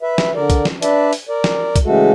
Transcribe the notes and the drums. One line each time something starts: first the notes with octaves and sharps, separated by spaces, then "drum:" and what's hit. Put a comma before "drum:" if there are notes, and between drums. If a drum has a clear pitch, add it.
B4 E5
drum: snare
D3 A#4 D5
drum: kick B1, hi-hat
drum: snare
D4 B4 D5 E5 A5, drum: hi-hat
drum: open hi-hat
A#4 D5
drum: snare
drum: kick B1, hi-hat
C#3 E3 G#3 A3 F#4 A4